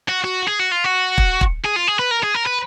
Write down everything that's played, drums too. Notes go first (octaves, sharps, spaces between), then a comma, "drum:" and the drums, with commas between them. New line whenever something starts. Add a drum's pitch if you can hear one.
F#4
F#4
G#4
F#4
F4
F#4
drum: kick
drum: kick
G#4
F4
G#4
B4
A#4
G#4
A#4
B4